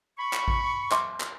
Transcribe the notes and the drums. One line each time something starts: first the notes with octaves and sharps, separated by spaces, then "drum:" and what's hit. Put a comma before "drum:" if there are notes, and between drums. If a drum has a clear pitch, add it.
B5 C#6
drum: clap
drum: kick A1
E5 C6 D6, drum: clap
drum: clap